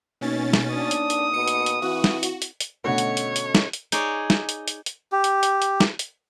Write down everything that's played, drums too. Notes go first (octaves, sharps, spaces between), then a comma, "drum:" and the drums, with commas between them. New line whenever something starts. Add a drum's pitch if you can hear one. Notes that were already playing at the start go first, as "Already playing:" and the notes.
B2 A#3 C#4 D#4 C#5 A6
drum: snare
D4 D#6
drum: hi-hat
drum: hi-hat
B2 C#7
drum: hi-hat
drum: hi-hat
E3 C4 E4 F#4 F5
drum: snare
drum: hi-hat
drum: hi-hat
drum: hi-hat
B2 D3 A3 C#4 F#4 A4 C#5 D#5
drum: hi-hat
drum: hi-hat
drum: hi-hat
drum: snare
drum: hi-hat
D#4 G#4 C#5 D5, drum: hi-hat
drum: snare
drum: hi-hat
drum: hi-hat
drum: hi-hat
G4
drum: hi-hat
drum: hi-hat
drum: hi-hat
drum: snare
drum: hi-hat